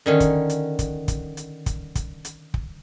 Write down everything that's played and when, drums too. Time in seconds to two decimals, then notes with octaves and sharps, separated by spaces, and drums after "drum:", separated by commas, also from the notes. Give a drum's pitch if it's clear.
0.06 D3 D#3 C#4
0.20 drum: kick, hi-hat
0.50 drum: hi-hat
0.79 drum: kick, hi-hat
1.08 drum: kick, hi-hat
1.37 drum: hi-hat
1.66 drum: kick, hi-hat
1.95 drum: kick, hi-hat
2.25 drum: hi-hat
2.54 drum: kick